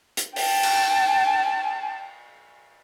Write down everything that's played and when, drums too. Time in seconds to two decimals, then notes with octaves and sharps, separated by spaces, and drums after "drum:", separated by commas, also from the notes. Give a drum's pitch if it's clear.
0.17 drum: hi-hat
0.36 G5 A5, drum: open hi-hat
0.63 drum: cymbal